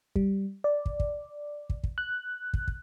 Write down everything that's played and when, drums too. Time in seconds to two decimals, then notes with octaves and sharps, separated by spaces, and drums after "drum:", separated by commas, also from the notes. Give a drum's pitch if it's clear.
0.16 G3, drum: kick
0.64 D5
0.86 drum: kick
1.00 drum: kick
1.70 drum: kick
1.84 drum: kick
1.98 F#6
2.54 drum: kick
2.68 drum: kick